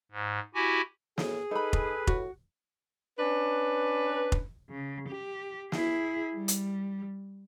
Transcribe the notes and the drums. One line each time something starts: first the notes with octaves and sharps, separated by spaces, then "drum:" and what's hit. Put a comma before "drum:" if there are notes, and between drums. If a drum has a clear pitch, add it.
G#2
E4 F#4 G4 G#5
A2 G#4, drum: snare
D#4 A4 B4 B5
drum: kick F1
A2 F#4, drum: kick F1
C#4 D4 B4
drum: kick F1
C#3
G4
E4 G#4, drum: snare
G3
drum: hi-hat